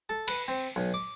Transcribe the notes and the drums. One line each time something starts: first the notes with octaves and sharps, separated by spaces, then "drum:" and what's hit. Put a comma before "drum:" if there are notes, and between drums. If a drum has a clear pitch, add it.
A4
B4, drum: cymbal
C4
B1
D6